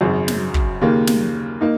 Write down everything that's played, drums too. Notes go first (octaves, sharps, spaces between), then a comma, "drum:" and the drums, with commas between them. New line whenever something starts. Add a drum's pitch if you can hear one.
G#1 F#2 C#3
drum: snare
drum: kick
D#2 C#3 A#3
drum: snare
A#3 D#4